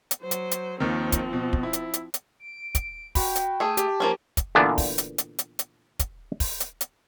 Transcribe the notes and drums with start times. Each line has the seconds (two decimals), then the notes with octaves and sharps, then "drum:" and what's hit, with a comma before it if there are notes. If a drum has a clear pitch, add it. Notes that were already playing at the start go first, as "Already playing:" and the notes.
0.11 drum: hi-hat
0.21 F#3 C5
0.31 drum: hi-hat
0.51 drum: hi-hat
0.80 D#2 D#3 F3 C4
1.12 drum: kick, hi-hat
1.33 B2
1.53 drum: kick
1.63 E4
1.73 drum: hi-hat
1.93 drum: hi-hat
2.14 drum: hi-hat
2.40 D7
2.75 drum: kick, hi-hat
3.15 F#4 G5 B5, drum: kick, open hi-hat
3.36 drum: hi-hat
3.60 A3 G#4
3.77 G4 A5, drum: hi-hat
4.00 F3 A#3 C#4
4.37 drum: kick, hi-hat
4.55 A#2 D3 E3 B3 D4
4.78 drum: kick, open hi-hat
4.98 drum: hi-hat
5.18 drum: hi-hat
5.39 drum: hi-hat
5.59 drum: hi-hat
5.99 drum: kick, hi-hat
6.40 drum: kick, open hi-hat
6.60 drum: hi-hat
6.81 drum: hi-hat